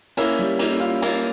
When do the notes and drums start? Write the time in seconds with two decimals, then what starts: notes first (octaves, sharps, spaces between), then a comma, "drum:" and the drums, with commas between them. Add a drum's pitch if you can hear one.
0.17 A#3 C#4 E4, drum: cymbal
0.39 G3
0.59 A#3, drum: cymbal
0.80 F4
1.02 A#3, drum: cymbal